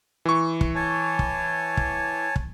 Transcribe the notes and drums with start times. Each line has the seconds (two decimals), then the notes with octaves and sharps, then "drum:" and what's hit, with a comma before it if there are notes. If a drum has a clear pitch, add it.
0.25 E3 C#6
0.61 drum: kick
0.75 C#5 G#5 A5
1.19 drum: kick
1.77 drum: kick
2.36 drum: kick